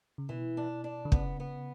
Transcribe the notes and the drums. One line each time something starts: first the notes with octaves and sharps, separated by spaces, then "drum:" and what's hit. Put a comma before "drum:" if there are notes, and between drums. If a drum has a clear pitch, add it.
C#3
B2 E3
D4
D4
D3
C#3 B3, drum: kick
B3